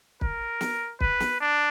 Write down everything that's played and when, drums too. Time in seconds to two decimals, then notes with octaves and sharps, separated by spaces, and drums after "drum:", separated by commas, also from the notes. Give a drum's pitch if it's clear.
0.21 A#4, drum: kick
0.61 drum: snare
1.01 B4, drum: kick
1.20 drum: snare
1.41 D4